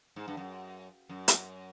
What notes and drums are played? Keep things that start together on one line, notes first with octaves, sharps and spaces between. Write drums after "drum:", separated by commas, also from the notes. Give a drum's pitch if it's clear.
G#2
G2
F#2
F#2
drum: hi-hat